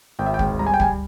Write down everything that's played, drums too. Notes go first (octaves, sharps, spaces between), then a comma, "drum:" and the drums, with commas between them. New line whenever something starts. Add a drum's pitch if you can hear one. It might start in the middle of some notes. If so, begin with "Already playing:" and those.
G#1 G5
E5
G5
G#2, drum: kick
G3 A#5
G#5
G5
G3 G#5, drum: kick